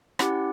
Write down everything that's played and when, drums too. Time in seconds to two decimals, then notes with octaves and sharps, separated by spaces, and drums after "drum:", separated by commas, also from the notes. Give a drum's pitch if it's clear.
0.19 C#4 E4 G4 F#5, drum: rim click